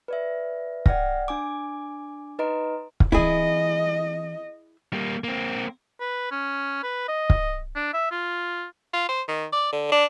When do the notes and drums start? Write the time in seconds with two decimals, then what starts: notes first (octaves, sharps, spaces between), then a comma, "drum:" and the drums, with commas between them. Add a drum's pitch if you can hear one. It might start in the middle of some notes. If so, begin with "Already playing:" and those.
0.08 B4 D5 E5
0.86 D5 F#5 G5 F6 A#6, drum: kick
1.28 D4 G#5 D6
2.39 D#4 B4 D#5 A#5 C6 D7
3.00 drum: kick
3.12 E3 C4 E4 G#4 D#5
4.93 G3 A#3
5.24 A#3 C4
6.00 B4
6.31 C#4
6.83 B4
7.08 D#5
7.30 drum: kick
7.76 D4
7.94 E5
8.11 F4
8.94 F4
9.09 C5
9.28 D#3
9.53 D5
9.73 D3
9.92 D4